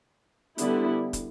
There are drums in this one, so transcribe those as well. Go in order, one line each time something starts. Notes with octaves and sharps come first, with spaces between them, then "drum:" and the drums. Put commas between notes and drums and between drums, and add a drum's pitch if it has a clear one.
D3 G3 B3 E4, drum: hi-hat
drum: kick, hi-hat